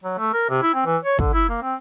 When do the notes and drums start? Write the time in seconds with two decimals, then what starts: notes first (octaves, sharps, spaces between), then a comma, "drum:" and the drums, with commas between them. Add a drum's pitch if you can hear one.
0.04 F#3
0.18 A3
0.33 A#4
0.49 C3
0.62 E4
0.74 C4
0.86 E3
1.05 C#5
1.19 D3, drum: kick
1.33 E4
1.49 A#3
1.62 C4